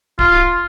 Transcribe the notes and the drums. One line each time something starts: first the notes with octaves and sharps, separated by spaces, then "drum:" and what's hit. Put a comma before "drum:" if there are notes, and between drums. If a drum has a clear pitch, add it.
F4, drum: kick D1